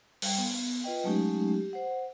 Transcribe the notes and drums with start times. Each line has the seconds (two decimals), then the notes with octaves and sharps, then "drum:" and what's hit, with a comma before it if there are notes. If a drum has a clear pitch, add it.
0.22 G3 G5, drum: open hi-hat
0.38 B3
0.84 F4 B4 D#5 G5
1.04 F#3 G#3 A3 C#4 D#4 G4
1.54 G4
1.73 C5 F#5